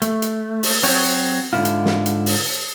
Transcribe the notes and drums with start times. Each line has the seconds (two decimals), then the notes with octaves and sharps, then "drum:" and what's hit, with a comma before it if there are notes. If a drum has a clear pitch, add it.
0.02 A3, drum: hi-hat
0.22 drum: hi-hat
0.63 drum: open hi-hat
0.83 F#3 C4 C#5, drum: open hi-hat
1.04 drum: hi-hat
1.53 G#2 D3 D#3 B3 E4 F4
1.65 drum: hi-hat
1.85 drum: snare
2.06 drum: hi-hat
2.26 drum: open hi-hat